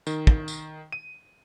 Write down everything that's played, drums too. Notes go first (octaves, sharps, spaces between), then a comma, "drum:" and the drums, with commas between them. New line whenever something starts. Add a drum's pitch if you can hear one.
D#3, drum: tambourine
drum: kick
drum: tambourine
D#7